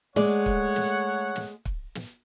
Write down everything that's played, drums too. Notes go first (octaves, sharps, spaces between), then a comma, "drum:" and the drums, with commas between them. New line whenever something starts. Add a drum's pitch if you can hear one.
G#3 A3 C#5 D5 F#5, drum: snare
drum: kick
drum: snare
drum: snare
drum: kick
drum: snare